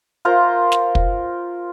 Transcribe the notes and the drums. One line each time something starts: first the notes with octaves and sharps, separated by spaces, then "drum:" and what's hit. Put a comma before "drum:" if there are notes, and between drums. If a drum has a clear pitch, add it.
F4 A#4 C5 A#5
drum: snare
drum: kick